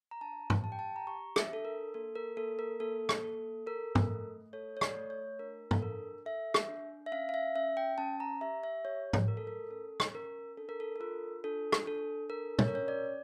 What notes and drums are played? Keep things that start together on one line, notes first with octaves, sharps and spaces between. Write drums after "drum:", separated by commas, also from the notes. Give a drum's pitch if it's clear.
A#5
D4 A5
drum: tom
G4 A5
G5
A5
A#5
G4 C#6
E5, drum: rim click
D4 A4
A#4
A#3 A4
A#4
A#3 A4
A#4
A#3 A4
drum: rim click
A4
A4 A#4
drum: tom
A3
A4 C#5
C#5
D5, drum: rim click
A3
C#5
D4 A#4
A4, drum: tom
D4 A#4
A4 E5
drum: rim click
D4
E5
C#4 F5
F5
E5
C#4 E5
G5
C#4 A5
A#5
G4 E5
E5
G4 C#5
drum: tom G#2
A3 A#4
A4
A#4
C#4 A4
drum: rim click
C#4 A#4
D4 A4
A#4
A4
A4
F4 A#4
D4 A4
drum: rim click
D4 A4
A4 A#4
C#5, drum: tom
A#4
C#4 C#5
D5